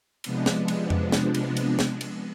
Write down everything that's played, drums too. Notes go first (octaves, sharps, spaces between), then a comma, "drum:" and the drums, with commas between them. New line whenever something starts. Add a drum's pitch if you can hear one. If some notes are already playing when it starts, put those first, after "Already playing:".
C3 F3 G#3 B3 D4, drum: cymbal
drum: snare
drum: cymbal
drum: tom F2
drum: snare
drum: cymbal
drum: cymbal
drum: snare
drum: cymbal